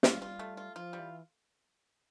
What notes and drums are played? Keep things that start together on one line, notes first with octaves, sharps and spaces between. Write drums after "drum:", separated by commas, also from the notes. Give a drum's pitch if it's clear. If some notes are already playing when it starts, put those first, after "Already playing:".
G3 F4, drum: snare
F4
A3
F4
F3 F4
G3
E3